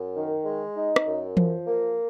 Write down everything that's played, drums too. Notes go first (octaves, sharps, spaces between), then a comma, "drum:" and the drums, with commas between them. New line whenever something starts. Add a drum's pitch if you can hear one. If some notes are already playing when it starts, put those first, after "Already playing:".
Already playing: F#2
D#3
G#3
D#4
drum: rim click
F#2
F3, drum: tom E3
A#3